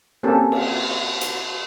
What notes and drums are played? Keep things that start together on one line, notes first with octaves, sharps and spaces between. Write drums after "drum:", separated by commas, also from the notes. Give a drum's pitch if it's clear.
A#3 C4 C#4 G4 A4
drum: cymbal
drum: hi-hat